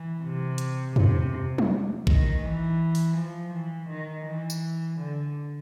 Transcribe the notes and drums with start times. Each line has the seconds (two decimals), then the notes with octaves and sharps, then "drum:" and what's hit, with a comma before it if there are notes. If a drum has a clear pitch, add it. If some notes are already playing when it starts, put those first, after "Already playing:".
Already playing: E3
0.24 C3
0.58 drum: hi-hat
0.96 C3, drum: tom
1.58 drum: tom
2.07 D#3, drum: kick
2.43 E3
2.95 drum: open hi-hat
3.17 F3
3.54 E3
3.90 D#3
4.27 E3
4.50 drum: tambourine
5.00 D3